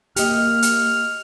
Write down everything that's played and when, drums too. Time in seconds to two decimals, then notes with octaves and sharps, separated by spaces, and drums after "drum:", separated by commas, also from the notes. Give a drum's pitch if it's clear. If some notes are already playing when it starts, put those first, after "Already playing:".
0.16 A#3 G4 D#5 F6, drum: hi-hat
0.62 drum: hi-hat